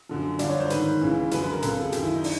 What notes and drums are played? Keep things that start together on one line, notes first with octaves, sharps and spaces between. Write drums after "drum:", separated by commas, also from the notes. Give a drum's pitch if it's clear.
F#2 D3 F3
G2 D3 F3 D5, drum: hi-hat
C#5
C5
G#2 D#3 B4, drum: hi-hat
C#2 C#3 E3
F#2 D3 F3 B4, drum: hi-hat
B4
A#4
C#2 C3 F3 A4, drum: hi-hat
A4
G#4
F#2 D#3 G4, drum: hi-hat
E4
D#4
D4, drum: open hi-hat